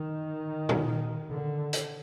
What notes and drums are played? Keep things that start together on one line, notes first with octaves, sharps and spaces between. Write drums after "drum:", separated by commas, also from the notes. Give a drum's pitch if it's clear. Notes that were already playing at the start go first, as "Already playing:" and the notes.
Already playing: D#3
drum: tom A#2
D3
drum: hi-hat